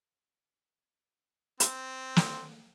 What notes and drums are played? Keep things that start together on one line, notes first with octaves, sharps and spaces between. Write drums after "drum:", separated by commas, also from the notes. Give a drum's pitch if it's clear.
C4, drum: hi-hat
drum: snare